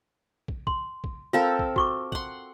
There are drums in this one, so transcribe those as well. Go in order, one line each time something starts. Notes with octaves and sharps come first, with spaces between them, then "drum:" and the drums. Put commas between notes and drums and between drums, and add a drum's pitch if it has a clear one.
drum: kick
C6, drum: kick
drum: kick
C4 F4 A4 A#4 F5
drum: kick
F#4 C#6 D6, drum: kick
F#5 C6, drum: kick